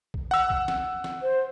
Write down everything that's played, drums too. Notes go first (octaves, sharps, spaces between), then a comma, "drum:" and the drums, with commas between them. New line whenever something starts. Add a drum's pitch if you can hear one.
drum: kick B1
F#5 E6
drum: kick B1
drum: snare
drum: snare
C5